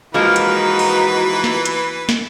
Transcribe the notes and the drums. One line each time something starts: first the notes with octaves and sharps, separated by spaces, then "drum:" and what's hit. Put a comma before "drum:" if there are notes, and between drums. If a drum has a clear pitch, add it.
E3 F3 G#3 A#3 D#4 F#4 B4
drum: hi-hat
drum: open hi-hat
drum: snare
drum: hi-hat
drum: snare